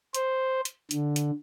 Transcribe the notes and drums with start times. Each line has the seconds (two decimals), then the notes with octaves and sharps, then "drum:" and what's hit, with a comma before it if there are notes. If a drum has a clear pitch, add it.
0.15 C5, drum: hi-hat
0.65 drum: hi-hat
0.91 D3, drum: hi-hat
1.16 drum: hi-hat